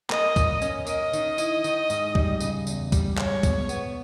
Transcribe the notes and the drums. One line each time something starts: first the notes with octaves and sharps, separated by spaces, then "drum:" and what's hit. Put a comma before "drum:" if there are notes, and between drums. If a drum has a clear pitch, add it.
A#3 D#5, drum: clap
A#2, drum: kick C#2, tambourine
C#4, drum: tambourine
A#3 D#5, drum: tambourine
D#3, drum: tambourine
E4, drum: tambourine
D#3, drum: tambourine
G#2, drum: tambourine
G3, drum: kick C#2
C#3, drum: tambourine
E2, drum: tambourine
G3, drum: kick C#2, tambourine
G#3 C#5, drum: clap
B2, drum: kick C#2, tambourine
B3, drum: tambourine